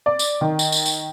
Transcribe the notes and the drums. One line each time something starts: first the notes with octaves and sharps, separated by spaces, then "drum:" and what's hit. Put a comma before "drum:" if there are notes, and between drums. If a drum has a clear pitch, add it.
D5
drum: tambourine
D#3
drum: tambourine
drum: tambourine
drum: tambourine